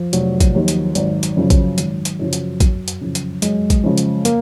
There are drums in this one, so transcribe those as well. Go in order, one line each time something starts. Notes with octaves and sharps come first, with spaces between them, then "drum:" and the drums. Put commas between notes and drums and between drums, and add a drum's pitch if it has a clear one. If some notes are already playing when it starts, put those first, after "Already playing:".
Already playing: F3
F1 F#3, drum: hi-hat
drum: kick A#1, hi-hat
D#2 D#3
drum: hi-hat
G#1, drum: hi-hat
drum: hi-hat
F#2 C#3 F3
drum: kick A#1, hi-hat
G#1, drum: hi-hat
drum: hi-hat
F#2 C#3 F3
drum: hi-hat
F#2, drum: kick A#1, hi-hat
drum: hi-hat
C#3 F3
drum: hi-hat
F#2 G#3, drum: hi-hat
drum: kick A#1, hi-hat
C#3 F3
drum: hi-hat
A#3, drum: hi-hat